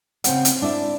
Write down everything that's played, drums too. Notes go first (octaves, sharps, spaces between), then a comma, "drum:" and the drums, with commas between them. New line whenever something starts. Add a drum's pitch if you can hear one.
C#3 C4 F#5, drum: hi-hat
drum: hi-hat
D4 E4 E5